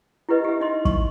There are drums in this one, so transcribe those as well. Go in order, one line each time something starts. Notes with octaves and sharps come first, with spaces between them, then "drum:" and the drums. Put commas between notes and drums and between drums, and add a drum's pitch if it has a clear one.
E4 G4 B4 D#5
G4 E5
D#4 D#5 C6
C#6, drum: kick